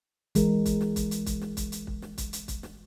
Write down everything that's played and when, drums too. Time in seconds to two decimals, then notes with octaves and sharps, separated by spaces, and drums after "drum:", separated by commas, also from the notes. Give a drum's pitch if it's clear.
0.35 E3 G#3 A#4, drum: kick, hi-hat
0.66 drum: kick, hi-hat
0.81 drum: snare
0.96 drum: kick, hi-hat
1.11 drum: hi-hat
1.26 drum: kick, hi-hat
1.42 drum: snare
1.57 drum: kick, hi-hat
1.72 drum: hi-hat
1.87 drum: kick
2.02 drum: snare
2.18 drum: kick, hi-hat
2.33 drum: hi-hat
2.48 drum: kick, hi-hat
2.63 drum: snare